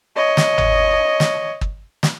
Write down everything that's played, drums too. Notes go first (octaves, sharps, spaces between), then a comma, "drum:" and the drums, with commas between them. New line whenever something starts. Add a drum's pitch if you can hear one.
C#5 D#5
drum: snare
drum: tom
drum: snare
drum: kick
drum: snare